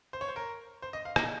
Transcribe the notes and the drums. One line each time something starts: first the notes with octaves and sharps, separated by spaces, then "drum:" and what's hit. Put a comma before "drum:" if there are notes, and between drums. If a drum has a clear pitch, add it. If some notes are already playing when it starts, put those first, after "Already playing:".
C5
C#5
C5
A#4
C5
D#5
F5
D#5, drum: rim click